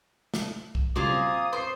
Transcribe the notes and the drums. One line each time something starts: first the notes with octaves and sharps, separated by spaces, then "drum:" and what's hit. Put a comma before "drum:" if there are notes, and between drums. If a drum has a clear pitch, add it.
drum: snare
drum: kick B1
C#3 F#3 G3 A#3 F4 G#4 D#6
C4
C5 C#6 D6 C7